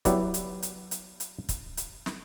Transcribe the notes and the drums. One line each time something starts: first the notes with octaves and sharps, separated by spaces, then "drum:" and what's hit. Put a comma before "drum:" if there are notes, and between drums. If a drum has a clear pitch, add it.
F#3 B3 E4 G4 B4 D5, drum: kick, hi-hat
drum: hi-hat
drum: hi-hat
drum: hi-hat
drum: hi-hat
drum: kick, hi-hat
drum: hi-hat
drum: snare